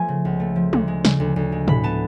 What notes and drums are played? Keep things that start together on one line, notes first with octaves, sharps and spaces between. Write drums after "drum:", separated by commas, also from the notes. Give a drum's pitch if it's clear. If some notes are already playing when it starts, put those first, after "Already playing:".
Already playing: F3 A3 B3 G#5
C#3
C#2
A3
F3
D2, drum: tom
G#3
C#3, drum: snare
D2
D2
G#3
A2 B5, drum: tom
B3 A5